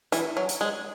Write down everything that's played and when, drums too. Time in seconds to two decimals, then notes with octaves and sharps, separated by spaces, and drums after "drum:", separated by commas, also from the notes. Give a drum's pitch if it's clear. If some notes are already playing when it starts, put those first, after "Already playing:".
0.12 E3, drum: hi-hat
0.37 F#3
0.49 drum: hi-hat
0.61 G#3